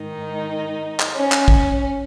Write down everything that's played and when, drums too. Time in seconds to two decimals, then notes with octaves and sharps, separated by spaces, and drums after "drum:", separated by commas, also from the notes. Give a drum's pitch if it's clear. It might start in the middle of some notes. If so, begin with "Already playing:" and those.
Already playing: G#2 D#3 D#4
1.00 drum: clap
1.16 C#4
1.32 drum: clap
1.48 drum: kick